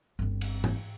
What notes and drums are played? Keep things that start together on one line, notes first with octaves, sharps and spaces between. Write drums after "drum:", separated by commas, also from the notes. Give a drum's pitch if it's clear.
G1 C4
drum: cymbal
drum: tom G#2